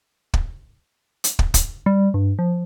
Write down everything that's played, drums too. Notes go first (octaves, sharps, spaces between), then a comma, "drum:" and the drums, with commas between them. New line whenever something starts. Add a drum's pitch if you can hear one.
drum: kick
drum: hi-hat
drum: kick
drum: kick, hi-hat
G3
G2
F3